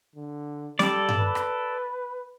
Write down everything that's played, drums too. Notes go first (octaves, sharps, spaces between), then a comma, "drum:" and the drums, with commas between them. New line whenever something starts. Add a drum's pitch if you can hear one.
D3
G3 A4 D5, drum: snare
drum: tom G2
B4
drum: rim click